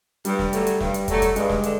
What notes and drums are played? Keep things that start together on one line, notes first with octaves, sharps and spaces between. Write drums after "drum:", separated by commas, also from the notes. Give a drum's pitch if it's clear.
G2 G3, drum: hi-hat
drum: snare
D3 F#3 A3, drum: hi-hat
drum: hi-hat
G2, drum: snare
drum: hi-hat
D3 F#3 A3, drum: kick, hi-hat
drum: kick, hi-hat
G2 G#3, drum: hi-hat
drum: snare
D3, drum: hi-hat